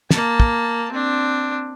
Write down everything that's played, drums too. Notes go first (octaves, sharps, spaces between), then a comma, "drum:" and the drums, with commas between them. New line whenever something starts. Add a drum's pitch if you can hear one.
A#3 A5, drum: snare
drum: kick
C4 D4